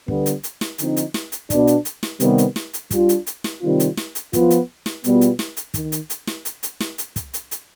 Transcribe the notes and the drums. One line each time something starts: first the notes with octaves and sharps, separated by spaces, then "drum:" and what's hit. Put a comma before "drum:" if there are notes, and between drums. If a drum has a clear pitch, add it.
D3 G3 B3, drum: kick
drum: hi-hat
drum: hi-hat
drum: snare
D3 F3 C4 D#4, drum: hi-hat
drum: hi-hat
drum: snare
drum: hi-hat
B2 B3 D4, drum: kick, hi-hat
drum: hi-hat
drum: hi-hat
drum: snare
C3 D#3 G3 B3, drum: hi-hat
drum: hi-hat
drum: snare
drum: hi-hat
G3 D4 F4, drum: kick, hi-hat
drum: hi-hat
drum: hi-hat
drum: snare
C3 D#3 G3 C4 F4
drum: hi-hat
drum: snare
drum: hi-hat
F3 B3 F4, drum: kick, hi-hat
drum: hi-hat
drum: snare
B2 G3 B3 F4, drum: hi-hat
drum: hi-hat
drum: snare
drum: hi-hat
D#3, drum: kick, hi-hat
drum: hi-hat
drum: hi-hat
drum: snare
drum: hi-hat
drum: hi-hat
drum: snare
drum: hi-hat
drum: kick, hi-hat
drum: hi-hat
drum: hi-hat